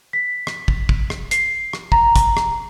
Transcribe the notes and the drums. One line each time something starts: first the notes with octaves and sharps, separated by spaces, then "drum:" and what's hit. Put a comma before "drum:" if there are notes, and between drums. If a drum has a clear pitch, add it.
B6
drum: rim click
drum: kick
drum: kick
drum: rim click
C7, drum: hi-hat
drum: rim click
A#5, drum: kick
drum: kick, hi-hat
drum: rim click